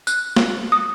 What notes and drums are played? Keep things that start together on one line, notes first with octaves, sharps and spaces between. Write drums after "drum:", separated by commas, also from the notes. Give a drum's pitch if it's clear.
F#6, drum: tambourine
drum: snare
D#6